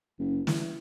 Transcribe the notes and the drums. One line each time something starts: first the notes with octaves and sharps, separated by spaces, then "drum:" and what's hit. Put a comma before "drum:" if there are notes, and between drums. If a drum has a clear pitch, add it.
F#1
E3, drum: snare